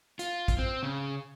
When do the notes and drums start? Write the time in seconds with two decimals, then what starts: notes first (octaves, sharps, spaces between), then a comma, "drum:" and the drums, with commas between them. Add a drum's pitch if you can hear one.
0.19 F4, drum: hi-hat
0.48 drum: kick, hi-hat
0.58 C4
0.83 C#3